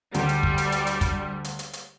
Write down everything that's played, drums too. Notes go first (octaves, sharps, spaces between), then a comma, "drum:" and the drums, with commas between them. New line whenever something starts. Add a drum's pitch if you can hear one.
D2 G3, drum: hi-hat
drum: hi-hat
drum: kick
drum: hi-hat
drum: hi-hat
drum: hi-hat
drum: kick, hi-hat
drum: hi-hat
drum: hi-hat
drum: hi-hat